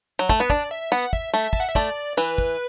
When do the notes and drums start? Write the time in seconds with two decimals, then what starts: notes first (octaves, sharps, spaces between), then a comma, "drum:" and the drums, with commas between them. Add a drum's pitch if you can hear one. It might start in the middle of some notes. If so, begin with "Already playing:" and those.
0.19 F#3
0.29 A3, drum: kick
0.40 B3 B4
0.50 D4 D5, drum: kick
0.71 E5
0.92 B3 F#5
1.13 E5, drum: kick
1.33 A3 E5
1.53 A5, drum: kick
1.60 F#5
1.68 E5
1.75 A3 D5, drum: kick
2.17 E3 B4
2.38 drum: kick